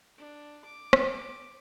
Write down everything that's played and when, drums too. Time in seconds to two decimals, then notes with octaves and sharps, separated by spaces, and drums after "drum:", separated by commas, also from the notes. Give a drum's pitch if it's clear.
0.18 D4
0.65 D6
0.93 drum: rim click